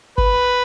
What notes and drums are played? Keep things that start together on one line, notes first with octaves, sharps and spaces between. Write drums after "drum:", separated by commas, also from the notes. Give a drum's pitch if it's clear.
B4, drum: kick G1